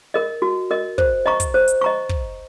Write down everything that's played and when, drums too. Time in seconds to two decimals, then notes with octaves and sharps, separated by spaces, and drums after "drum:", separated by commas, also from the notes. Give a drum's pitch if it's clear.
0.14 A#4 D#5
0.42 F#4
0.71 A#4 D#5
0.98 C5, drum: kick
1.26 D#5 A#5 C#6
1.40 drum: kick, hi-hat
1.54 C5
1.68 drum: hi-hat
1.81 D#5 A#5 C#6
2.09 drum: kick